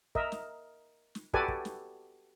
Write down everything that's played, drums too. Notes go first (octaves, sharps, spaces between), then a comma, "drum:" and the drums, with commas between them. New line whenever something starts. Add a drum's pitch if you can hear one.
A#4 D#5 E5, drum: kick
drum: snare
drum: snare
F#4 G4 A4 B4 D5 G#5, drum: kick
drum: kick
drum: snare